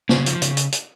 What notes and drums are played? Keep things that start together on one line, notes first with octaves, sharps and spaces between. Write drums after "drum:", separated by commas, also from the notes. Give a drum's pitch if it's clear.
C#3, drum: snare
F3, drum: hi-hat
C#3, drum: hi-hat
drum: hi-hat
drum: hi-hat